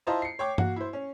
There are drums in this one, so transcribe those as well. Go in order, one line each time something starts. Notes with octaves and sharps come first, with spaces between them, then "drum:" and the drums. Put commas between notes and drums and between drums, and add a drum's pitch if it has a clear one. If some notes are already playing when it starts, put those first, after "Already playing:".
E4 F4 C5 D#5 A5 A#5
C7 C#7
C#5 G5 D6
A#3 F#4, drum: tom G2
E4 C5
C#4